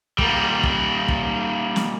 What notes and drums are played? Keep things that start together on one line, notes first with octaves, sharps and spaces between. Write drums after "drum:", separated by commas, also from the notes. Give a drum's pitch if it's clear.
G3 A#3, drum: kick
drum: kick
drum: kick
drum: snare